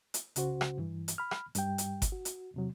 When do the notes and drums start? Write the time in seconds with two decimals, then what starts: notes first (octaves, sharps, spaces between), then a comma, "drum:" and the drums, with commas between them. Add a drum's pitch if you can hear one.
0.14 drum: hi-hat
0.36 C2 C#3 F#4 C5, drum: hi-hat
0.61 drum: rim click
0.78 G2 E3
1.08 drum: hi-hat
1.18 B5 F6
1.31 drum: rim click
1.55 G2 G3 G5, drum: hi-hat
1.78 drum: hi-hat
2.02 drum: kick G1, hi-hat
2.12 F#4
2.25 drum: hi-hat
2.54 E2 C3 F#3